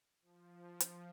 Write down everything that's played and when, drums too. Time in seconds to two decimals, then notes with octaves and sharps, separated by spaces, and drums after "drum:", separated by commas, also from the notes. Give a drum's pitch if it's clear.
0.22 F3
0.80 drum: hi-hat